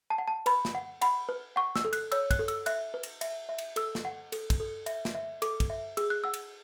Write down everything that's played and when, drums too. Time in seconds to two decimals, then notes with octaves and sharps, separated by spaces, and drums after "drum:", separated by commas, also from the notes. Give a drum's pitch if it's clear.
0.10 A5
0.18 F#5
0.28 A5
0.46 B4 B5, drum: cymbal
0.65 drum: snare
0.75 F#5
1.02 F#5 B5, drum: cymbal
1.29 B4
1.56 F#5 C#6
1.76 E6, drum: snare
1.85 A4
1.93 F#6, drum: cymbal
2.12 C#5 E6, drum: cymbal
2.31 F#6, drum: kick, cymbal
2.39 A4
2.48 E6, drum: cymbal
2.66 E5 F#6, drum: cymbal
2.94 B4
3.03 drum: cymbal
3.21 E5, drum: cymbal
3.49 E5
3.58 drum: cymbal
3.76 A4 E6, drum: cymbal
3.95 drum: snare
4.05 F#5
4.32 A4, drum: cymbal
4.50 drum: kick, cymbal
4.60 A4
4.86 E5, drum: cymbal
5.05 drum: snare
5.15 E5
5.42 A4 D6, drum: cymbal
5.60 drum: kick, cymbal
5.70 E5
5.97 G#4 E6, drum: cymbal
6.10 F#6
6.24 F#5 E6
6.34 drum: cymbal